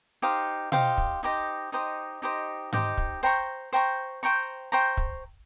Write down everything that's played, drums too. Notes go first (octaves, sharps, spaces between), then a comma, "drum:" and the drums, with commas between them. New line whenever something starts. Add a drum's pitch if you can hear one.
D#4 G4 C5 F5
D#4 G4 C5 F5, drum: tom B2
drum: kick
D#4 G4 C5 D#5
D#4 G4 C5 D#5
D#4 G4 C5 D#5
D#4 G4 C5 D#5, drum: tom G#2
drum: kick
C5 G5 A#5 C#6
C5 G5 A#5 C#6
C5 G5 A#5 C#6
C5 G5 A#5 C#6
drum: kick